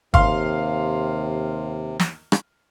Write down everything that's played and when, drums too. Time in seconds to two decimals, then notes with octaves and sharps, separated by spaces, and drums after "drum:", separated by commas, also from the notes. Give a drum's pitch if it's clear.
0.14 D#2 C3 F5 C6, drum: kick
2.00 drum: snare
2.32 drum: rim click